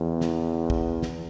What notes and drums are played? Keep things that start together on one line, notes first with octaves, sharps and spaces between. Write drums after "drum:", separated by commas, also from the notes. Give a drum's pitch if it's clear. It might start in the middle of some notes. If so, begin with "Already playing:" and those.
Already playing: E2
drum: snare
drum: kick
drum: snare